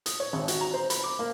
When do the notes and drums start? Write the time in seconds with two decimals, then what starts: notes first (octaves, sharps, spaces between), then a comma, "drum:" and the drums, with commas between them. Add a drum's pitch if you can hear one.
0.06 D#6, drum: hi-hat
0.20 C#5
0.33 G#1
0.48 F#4, drum: hi-hat
0.61 A#5
0.74 C5
0.90 B5, drum: hi-hat
1.04 D6
1.19 A#3